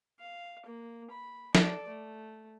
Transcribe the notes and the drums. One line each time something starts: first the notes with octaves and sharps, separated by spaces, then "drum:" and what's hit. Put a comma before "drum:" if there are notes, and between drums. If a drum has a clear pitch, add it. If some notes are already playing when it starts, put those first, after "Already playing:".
F5
A#3
B5
A4 D5, drum: snare
A3